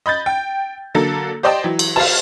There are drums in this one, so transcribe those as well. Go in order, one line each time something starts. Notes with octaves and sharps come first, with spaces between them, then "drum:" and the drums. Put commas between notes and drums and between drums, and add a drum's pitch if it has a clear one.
D#5 B5 G6 A6
G5
D3 F#3 A#3 A4
G4 C5 D5 D#5 G5 A5
E3 F#3
drum: cymbal
F5 A5, drum: cymbal